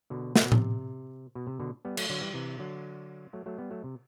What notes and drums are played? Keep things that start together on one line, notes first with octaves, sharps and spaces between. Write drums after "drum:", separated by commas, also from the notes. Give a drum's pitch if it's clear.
B2 D3
C3, drum: snare
B2
C3, drum: tom A2
B2
C3
B2 D3
G3 B3
F#3 A3, drum: cymbal
D3 F#3
E3 G3
C3 E3
D3 F#3
F#3 A3
F#3 A3
G3 B3
F#3 A3
C3